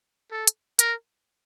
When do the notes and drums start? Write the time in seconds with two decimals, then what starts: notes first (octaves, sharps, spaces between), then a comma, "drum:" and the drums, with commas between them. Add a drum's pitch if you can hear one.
0.32 A4
0.47 drum: hi-hat
0.79 A#4, drum: hi-hat